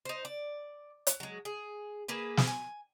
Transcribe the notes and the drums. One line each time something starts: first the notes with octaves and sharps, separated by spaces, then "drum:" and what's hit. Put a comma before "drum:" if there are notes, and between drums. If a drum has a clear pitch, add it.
D#4 C5
D5
drum: hi-hat
F#3 G#3
G#4
A#3 G#4 B4
drum: snare
G#5